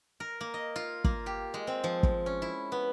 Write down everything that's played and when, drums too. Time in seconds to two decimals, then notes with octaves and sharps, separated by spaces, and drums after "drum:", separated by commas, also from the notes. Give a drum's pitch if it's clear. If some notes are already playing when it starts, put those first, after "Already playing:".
0.20 A#4
0.41 A#3
0.54 D#5
0.76 F4
1.04 A#3, drum: kick
1.26 G4
1.54 G#3
1.67 C4
1.84 F3
2.03 drum: kick
2.26 C#4
2.42 E4
2.72 B3